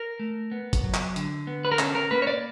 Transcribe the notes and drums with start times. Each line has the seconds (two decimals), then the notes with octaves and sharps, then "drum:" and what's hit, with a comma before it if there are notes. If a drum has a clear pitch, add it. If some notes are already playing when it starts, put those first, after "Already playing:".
Already playing: A#4
0.19 A3
0.52 B3
0.73 drum: kick G1, hi-hat
0.84 F#3
0.94 drum: clap
1.16 D3, drum: hi-hat
1.47 B3
1.65 B4
1.72 A#4
1.79 C#4 A4, drum: clap
1.95 A#4
2.11 A#3 B4
2.22 C#5
2.27 D5